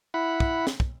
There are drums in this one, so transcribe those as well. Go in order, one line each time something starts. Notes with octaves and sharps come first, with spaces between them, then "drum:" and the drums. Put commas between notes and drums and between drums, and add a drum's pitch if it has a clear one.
E4 F#5 B5
drum: kick
drum: snare
drum: kick